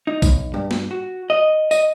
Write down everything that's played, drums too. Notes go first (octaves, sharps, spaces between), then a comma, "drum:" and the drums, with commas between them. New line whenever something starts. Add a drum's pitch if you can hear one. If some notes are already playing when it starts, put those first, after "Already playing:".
D#4
B1, drum: kick A#1, tambourine
G2
drum: snare
F#4
D#5
D#5, drum: tambourine